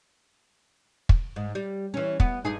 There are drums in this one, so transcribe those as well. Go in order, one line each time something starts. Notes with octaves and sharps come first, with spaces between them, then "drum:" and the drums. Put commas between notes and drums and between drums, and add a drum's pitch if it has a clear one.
drum: kick
G#2
G3
E3 C#4
B3, drum: kick
G2 D#4 G#4